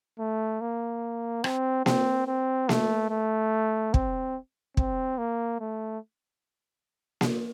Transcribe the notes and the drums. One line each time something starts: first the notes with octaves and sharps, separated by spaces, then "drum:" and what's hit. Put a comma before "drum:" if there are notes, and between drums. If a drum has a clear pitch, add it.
A3
A#3
C4, drum: rim click
C4, drum: snare A#3
C4
A3, drum: snare A#3
A3
C4, drum: kick
C4, drum: kick
A#3
A3
drum: snare A#3